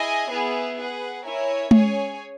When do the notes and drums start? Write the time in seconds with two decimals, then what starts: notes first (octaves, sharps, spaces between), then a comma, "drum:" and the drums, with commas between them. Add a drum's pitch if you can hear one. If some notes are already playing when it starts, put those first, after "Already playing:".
Already playing: E4 G#4 D#5 G#5
0.31 B3 E4 G#4
0.78 G#4 B4 F#5
1.24 E4 A#4 C#5 G#5
1.71 C#4 G#4 C#5 G#5, drum: tom G#3